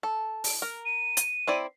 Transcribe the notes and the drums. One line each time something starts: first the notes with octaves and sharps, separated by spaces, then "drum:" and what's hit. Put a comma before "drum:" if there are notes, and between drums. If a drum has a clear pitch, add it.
A4
drum: open hi-hat
A#4
D#7
drum: hi-hat
C4 E4 D5